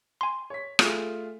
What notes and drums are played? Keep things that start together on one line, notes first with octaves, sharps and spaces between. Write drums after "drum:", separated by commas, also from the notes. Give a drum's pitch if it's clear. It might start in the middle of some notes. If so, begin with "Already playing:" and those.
G#5 C6
C#5 B6
A3 F4 G#4, drum: rim click